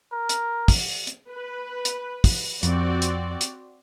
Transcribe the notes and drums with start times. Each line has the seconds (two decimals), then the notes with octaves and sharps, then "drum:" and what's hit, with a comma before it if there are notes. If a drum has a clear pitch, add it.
0.12 A#4
0.29 drum: hi-hat
0.68 drum: kick, open hi-hat
1.07 drum: hi-hat
1.31 B4
1.85 drum: hi-hat
2.24 drum: kick, open hi-hat
2.63 F2 C4 F#4 D5, drum: hi-hat
3.02 drum: hi-hat
3.41 drum: hi-hat